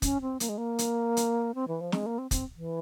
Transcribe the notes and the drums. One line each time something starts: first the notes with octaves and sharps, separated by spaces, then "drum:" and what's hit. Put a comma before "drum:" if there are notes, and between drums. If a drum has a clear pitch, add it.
C#4, drum: kick, hi-hat
C4
A#3, drum: hi-hat
G#3
A#3
drum: hi-hat
drum: hi-hat
C4
E3
F3
G#3, drum: snare
A#3
C4
C4, drum: kick, hi-hat
E3